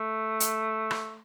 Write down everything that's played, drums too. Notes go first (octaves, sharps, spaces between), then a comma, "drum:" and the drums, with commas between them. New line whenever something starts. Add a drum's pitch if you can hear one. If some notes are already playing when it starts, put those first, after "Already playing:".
Already playing: A3
drum: hi-hat
drum: rim click